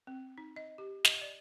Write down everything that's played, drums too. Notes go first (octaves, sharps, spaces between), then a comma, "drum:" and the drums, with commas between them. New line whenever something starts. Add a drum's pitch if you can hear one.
C4
D#4
D#5
G4
D#5, drum: snare
D5